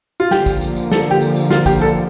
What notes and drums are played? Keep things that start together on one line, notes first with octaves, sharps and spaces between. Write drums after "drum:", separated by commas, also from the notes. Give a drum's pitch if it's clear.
F4
D3 F3 A#3 G4, drum: snare
drum: kick, tambourine
drum: tambourine
drum: tambourine
A4, drum: snare
G4
drum: tambourine
drum: tambourine
F4, drum: snare
G4, drum: kick, tambourine
A4